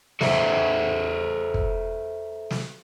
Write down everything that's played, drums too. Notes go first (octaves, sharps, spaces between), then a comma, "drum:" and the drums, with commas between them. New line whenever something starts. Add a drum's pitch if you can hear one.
A4 B4 C5 E5 A5 A#5, drum: snare
drum: kick
drum: snare